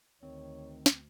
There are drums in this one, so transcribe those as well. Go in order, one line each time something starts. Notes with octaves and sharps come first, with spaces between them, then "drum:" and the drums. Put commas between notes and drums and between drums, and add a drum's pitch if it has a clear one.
D2 D#3 C4 C#5
drum: snare